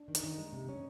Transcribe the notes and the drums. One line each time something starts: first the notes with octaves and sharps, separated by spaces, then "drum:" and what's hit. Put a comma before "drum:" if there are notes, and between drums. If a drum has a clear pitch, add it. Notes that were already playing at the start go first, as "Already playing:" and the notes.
Already playing: D4
D#3
D#4, drum: hi-hat
D#3
G#3
C3
C#4